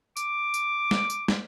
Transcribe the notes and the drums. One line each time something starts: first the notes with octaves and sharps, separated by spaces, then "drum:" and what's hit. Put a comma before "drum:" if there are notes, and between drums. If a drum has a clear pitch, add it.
D6, drum: tambourine
drum: tambourine
drum: snare
drum: tambourine
drum: snare